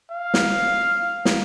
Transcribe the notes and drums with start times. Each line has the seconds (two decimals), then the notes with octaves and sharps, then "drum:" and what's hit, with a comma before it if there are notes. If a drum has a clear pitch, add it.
0.11 F5
0.34 drum: snare
1.25 drum: snare